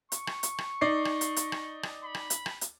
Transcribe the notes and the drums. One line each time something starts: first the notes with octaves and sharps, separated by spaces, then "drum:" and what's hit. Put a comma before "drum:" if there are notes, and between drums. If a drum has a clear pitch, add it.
C#6, drum: hi-hat
drum: rim click
drum: hi-hat
drum: rim click
D#4 D5 C7
drum: rim click
drum: hi-hat
drum: hi-hat
drum: rim click
drum: rim click
B5
drum: rim click
drum: hi-hat
drum: rim click
drum: hi-hat